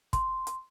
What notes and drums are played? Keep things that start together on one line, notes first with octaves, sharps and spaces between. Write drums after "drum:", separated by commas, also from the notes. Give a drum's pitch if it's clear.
C6, drum: kick, hi-hat
drum: hi-hat